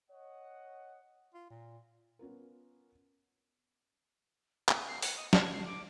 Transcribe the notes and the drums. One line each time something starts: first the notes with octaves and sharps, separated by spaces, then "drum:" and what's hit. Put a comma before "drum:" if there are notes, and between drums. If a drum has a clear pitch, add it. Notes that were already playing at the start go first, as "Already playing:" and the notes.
C#5 D#5 F#5
F4
A#2
B3 C#4 F4 A#4
D#6, drum: clap
C7
F#5, drum: open hi-hat
D#5
G#6, drum: snare
C7
D6